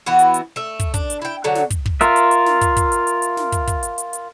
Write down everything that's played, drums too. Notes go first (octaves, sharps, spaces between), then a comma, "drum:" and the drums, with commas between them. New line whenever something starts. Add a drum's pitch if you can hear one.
E3 B3 E4 F#4
drum: hi-hat
drum: hi-hat
A3 E5
drum: kick, hi-hat
D4, drum: kick, hi-hat
drum: hi-hat
E4 G5
D3 F#3 A4
drum: snare
drum: kick, hi-hat
drum: kick
F4 A#4 E5, drum: hi-hat
drum: hi-hat
drum: hi-hat
drum: snare
drum: kick, hi-hat
drum: kick, hi-hat
drum: hi-hat
drum: hi-hat
drum: hi-hat
drum: snare
drum: kick, hi-hat
drum: kick, hi-hat
drum: hi-hat
drum: hi-hat
drum: hi-hat